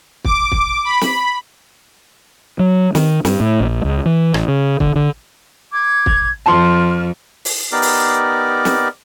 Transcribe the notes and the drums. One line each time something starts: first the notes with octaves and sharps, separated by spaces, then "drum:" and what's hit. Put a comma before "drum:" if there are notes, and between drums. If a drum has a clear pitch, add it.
D6, drum: kick
drum: kick
B5
drum: snare
F#3
D#3, drum: snare
G2, drum: snare
A2
A#1
C#2
E3
A1, drum: rim click
C#3
D3, drum: kick
D3
D6 G#6
drum: kick
F2 A5 C6 F6
drum: open hi-hat
B3 D#4 G4 A#4 D5
drum: open hi-hat
drum: snare